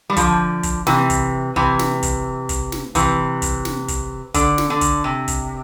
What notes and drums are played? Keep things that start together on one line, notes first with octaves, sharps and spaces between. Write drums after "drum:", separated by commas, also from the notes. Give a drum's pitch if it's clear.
G3
D3 F3, drum: kick, hi-hat
drum: kick, hi-hat
C3 E3, drum: snare
drum: kick, hi-hat
C3 E3, drum: kick
drum: snare
drum: kick, hi-hat
drum: kick, hi-hat
drum: snare
C3 E3, drum: kick, hi-hat
drum: kick, hi-hat
drum: snare
drum: kick, hi-hat
D3, drum: kick, hi-hat
drum: snare
D3
drum: kick, hi-hat
C3
drum: kick, hi-hat